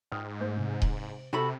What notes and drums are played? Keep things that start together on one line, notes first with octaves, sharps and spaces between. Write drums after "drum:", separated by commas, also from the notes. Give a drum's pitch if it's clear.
G#2 G5 D#6 F6
A3 C5 G6
C3
drum: kick D#1
C3 F#4 A4 B5